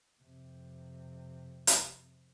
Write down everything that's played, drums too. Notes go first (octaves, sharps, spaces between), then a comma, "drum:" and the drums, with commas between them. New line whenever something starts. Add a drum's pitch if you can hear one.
F2 C3
drum: hi-hat